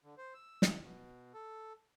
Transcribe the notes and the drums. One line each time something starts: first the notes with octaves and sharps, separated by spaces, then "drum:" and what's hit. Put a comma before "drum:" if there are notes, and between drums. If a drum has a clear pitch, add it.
D3
C5
E6
drum: snare
B2
A4